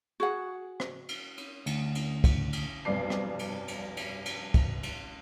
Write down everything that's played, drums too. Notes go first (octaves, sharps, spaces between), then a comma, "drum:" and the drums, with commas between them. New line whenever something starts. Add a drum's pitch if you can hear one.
F#4 G#4 F#5
drum: rim click
drum: cymbal
drum: cymbal
D2, drum: cymbal
drum: cymbal
drum: kick, cymbal
drum: cymbal
F1 B1 G2 D5 D6 C7
drum: rim click
drum: cymbal
drum: cymbal
drum: cymbal
drum: cymbal
drum: kick, cymbal
drum: cymbal